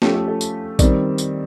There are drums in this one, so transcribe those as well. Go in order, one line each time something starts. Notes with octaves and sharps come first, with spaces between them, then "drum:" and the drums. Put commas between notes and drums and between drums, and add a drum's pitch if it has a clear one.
F3 A3 C#4 G4, drum: snare
A4
A4
drum: tambourine
D#3 G3 C4 D5, drum: kick, tambourine
drum: tambourine